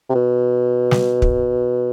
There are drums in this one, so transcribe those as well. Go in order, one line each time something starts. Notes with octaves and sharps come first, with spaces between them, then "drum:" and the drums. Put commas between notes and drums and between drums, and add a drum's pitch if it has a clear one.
C3
B2
drum: snare
drum: kick